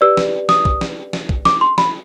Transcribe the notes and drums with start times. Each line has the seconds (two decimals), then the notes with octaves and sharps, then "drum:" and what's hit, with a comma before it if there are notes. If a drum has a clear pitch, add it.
0.01 G4 B4 D5 E6
0.17 drum: snare
0.49 D#6, drum: snare
0.65 drum: kick
0.81 drum: snare
1.13 drum: snare
1.29 drum: kick
1.45 D6, drum: snare
1.61 C6
1.78 B5, drum: snare